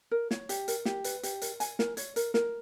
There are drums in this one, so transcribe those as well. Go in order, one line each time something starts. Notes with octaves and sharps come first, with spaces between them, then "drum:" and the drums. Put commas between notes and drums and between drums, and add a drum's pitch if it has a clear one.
A#4
C#5, drum: snare
G4, drum: hi-hat
A#4, drum: hi-hat
G4, drum: snare
B4, drum: hi-hat
G4, drum: hi-hat
A#4, drum: hi-hat
G#5, drum: hi-hat
A#4, drum: snare
C#5, drum: hi-hat
A#4, drum: hi-hat
A#4, drum: snare